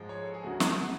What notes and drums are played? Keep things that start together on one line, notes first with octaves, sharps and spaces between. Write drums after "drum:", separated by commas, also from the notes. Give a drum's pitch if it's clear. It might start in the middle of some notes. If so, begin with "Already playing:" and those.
Already playing: G#2 F3 G#3
C#5
A4
G#4
D2 C#3 F#3 A3 F#4
drum: snare
F#4